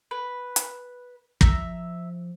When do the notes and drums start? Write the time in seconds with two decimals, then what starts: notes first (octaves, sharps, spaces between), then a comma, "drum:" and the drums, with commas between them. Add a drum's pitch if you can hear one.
0.11 B4
0.56 drum: hi-hat
1.41 F3 E5 A#5, drum: kick